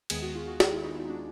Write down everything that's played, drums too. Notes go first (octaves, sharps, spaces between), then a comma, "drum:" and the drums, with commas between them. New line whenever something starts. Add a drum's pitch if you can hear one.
D#2 D#3 G#3 B3 G#4, drum: cymbal
F#4
F4
F#4
F4, drum: snare
E4
D#4
E4
D4